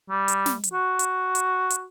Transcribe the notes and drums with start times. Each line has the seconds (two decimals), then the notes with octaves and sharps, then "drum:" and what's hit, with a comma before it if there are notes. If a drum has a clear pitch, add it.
0.10 G3
0.28 drum: hi-hat
0.46 drum: snare
0.64 drum: hi-hat
0.73 F#4
0.99 drum: hi-hat
1.35 drum: hi-hat
1.70 drum: hi-hat